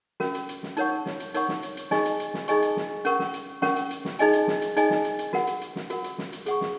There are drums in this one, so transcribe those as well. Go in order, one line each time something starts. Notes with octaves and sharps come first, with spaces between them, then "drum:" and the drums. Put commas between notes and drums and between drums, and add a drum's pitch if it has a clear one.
C#4 F#4 A#4, drum: snare
drum: hi-hat
drum: hi-hat
drum: snare
D#4 A#4 C#5 F#5 C#6, drum: hi-hat
drum: snare
drum: hi-hat
D#4 A#4 C#5 F#5 C#6, drum: hi-hat
drum: snare
drum: hi-hat
drum: hi-hat
D#4 G#4 D#5 G#5 C#6, drum: snare
drum: hi-hat
drum: hi-hat
drum: snare
D#4 G#4 D#5 G#5 C#6, drum: hi-hat
drum: hi-hat
drum: snare
C#4 A#4 F#5 C#6, drum: hi-hat
drum: snare
drum: hi-hat
C#4 A#4 F#5 C#6, drum: snare
drum: hi-hat
drum: hi-hat
drum: snare
D#4 G#4 D#5 G#5, drum: hi-hat
drum: hi-hat
drum: snare
drum: hi-hat
D#4 G#4 D#5 G#5, drum: hi-hat
drum: snare
drum: hi-hat
drum: hi-hat
F#4 A#4 F#5, drum: snare
drum: hi-hat
drum: hi-hat
drum: snare
F#4 A#4 F#5, drum: hi-hat
drum: hi-hat
drum: snare
drum: hi-hat
G#4 F#5 C#6, drum: hi-hat
drum: snare